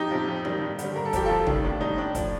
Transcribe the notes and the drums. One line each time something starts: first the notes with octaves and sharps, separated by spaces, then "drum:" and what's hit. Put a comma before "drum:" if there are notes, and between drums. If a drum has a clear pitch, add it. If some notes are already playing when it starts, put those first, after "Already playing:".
Already playing: F2 D#4 G4
C3 F3
F2
D#3 G3, drum: tom E3
G2
D3, drum: hi-hat
G3
G2 A#4
A4
F3 G4, drum: kick, hi-hat
F2 F4 A4
C3 D#3 G3, drum: tom
A2 D4
G3 D#4
A2 D4
F3, drum: kick, hi-hat